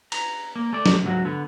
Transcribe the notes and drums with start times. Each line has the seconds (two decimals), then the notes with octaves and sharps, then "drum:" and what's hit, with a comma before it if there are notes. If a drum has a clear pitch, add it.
0.12 A#5, drum: cymbal
0.56 A#3
0.73 A3 A4 D5
0.86 drum: snare
1.03 C#2 G#2 F#3 F#4
1.25 D3 B3